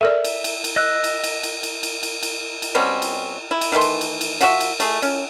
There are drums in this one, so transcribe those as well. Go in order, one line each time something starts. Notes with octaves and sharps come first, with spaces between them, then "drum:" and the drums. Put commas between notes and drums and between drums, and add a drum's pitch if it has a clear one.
A4 A#4 D5 E5
drum: cymbal
drum: cymbal
drum: cymbal
D#5 E6 F#6
drum: cymbal
drum: cymbal
drum: cymbal
drum: cymbal
drum: cymbal
drum: cymbal
drum: cymbal
drum: cymbal
B2 G3 C4 C#4
drum: cymbal
E4
drum: cymbal
D#3 E3 A3 C6
drum: cymbal
drum: cymbal
drum: cymbal
F3 F#4 G4 E5, drum: cymbal
drum: cymbal
A3 G#4, drum: cymbal
C#4, drum: cymbal